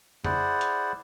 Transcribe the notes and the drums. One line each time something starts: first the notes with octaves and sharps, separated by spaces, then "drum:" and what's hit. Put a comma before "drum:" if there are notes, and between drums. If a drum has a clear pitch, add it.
E4 G#4 C5 D5 F#5, drum: tom F2
drum: hi-hat